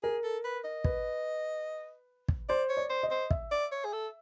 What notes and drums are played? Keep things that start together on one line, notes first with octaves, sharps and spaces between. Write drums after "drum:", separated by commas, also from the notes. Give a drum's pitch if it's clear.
G#4 A#4
A4
B4
D#5
B4, drum: kick
drum: kick
C5 D5
C#5
D5
C5
D#5
C5
E5, drum: kick
D5
C#5
G#4
A4